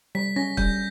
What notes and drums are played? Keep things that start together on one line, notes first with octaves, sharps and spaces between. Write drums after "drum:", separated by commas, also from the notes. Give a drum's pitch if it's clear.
G3 B6
C#4 A#6
G3 G6, drum: kick